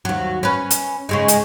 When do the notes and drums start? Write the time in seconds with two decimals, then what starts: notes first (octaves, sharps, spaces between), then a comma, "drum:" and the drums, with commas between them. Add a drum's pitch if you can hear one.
0.05 D#2 F#3
0.43 C#4 B4
0.70 drum: hi-hat
1.09 C#3 G#3 D#4
1.28 drum: hi-hat